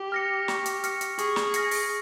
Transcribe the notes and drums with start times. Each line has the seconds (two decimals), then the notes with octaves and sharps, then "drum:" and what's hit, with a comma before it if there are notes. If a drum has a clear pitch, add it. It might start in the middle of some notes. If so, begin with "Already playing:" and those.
Already playing: G4
0.12 F6 A#6 C#7
0.48 C#6, drum: snare
0.66 drum: hi-hat
0.84 F6 A#6 C#7, drum: hi-hat
1.01 drum: hi-hat
1.18 G#4 C#6, drum: hi-hat
1.36 drum: snare
1.54 F6 A#6 C#7, drum: hi-hat
1.71 drum: open hi-hat